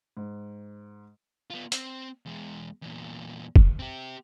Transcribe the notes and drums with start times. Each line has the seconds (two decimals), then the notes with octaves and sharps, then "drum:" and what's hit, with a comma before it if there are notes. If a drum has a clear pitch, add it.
0.17 G#2
1.50 B3 F4
1.72 C4, drum: hi-hat
2.26 E2 G#3
2.82 E2 A#2
3.56 drum: kick
3.79 C4 G4